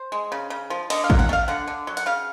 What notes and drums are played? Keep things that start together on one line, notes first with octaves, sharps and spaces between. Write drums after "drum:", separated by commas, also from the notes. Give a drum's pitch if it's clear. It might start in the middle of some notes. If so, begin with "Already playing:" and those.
Already playing: C5
G#3
C#3
C#3
F3
D3 D#5, drum: cymbal
F5
F#3, drum: kick A1
F#5
A3
F5
D3 F#5
D3
F#3
F#5, drum: hi-hat
C#3 F5